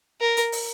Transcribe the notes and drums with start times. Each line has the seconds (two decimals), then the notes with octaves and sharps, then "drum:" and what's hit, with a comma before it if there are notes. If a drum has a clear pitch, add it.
0.21 A#4
0.37 drum: hi-hat
0.52 drum: open hi-hat